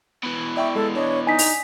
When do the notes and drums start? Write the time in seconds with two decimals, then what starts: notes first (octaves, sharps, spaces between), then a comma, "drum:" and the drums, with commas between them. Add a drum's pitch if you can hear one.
0.24 B2 E3
0.56 D5 E5 G5 C#6
0.75 G#3 A4
0.95 D4 C#5 D#5
1.27 D#4 G#5 B6
1.39 drum: open hi-hat